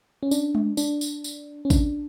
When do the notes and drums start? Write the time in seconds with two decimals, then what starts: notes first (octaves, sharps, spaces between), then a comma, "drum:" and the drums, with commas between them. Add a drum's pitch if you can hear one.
0.23 C#4
0.31 D4, drum: tambourine
0.55 drum: tom G#3
0.77 D4, drum: tambourine
1.01 drum: tambourine
1.24 drum: tambourine
1.65 C#4
1.70 D4, drum: kick A1, tambourine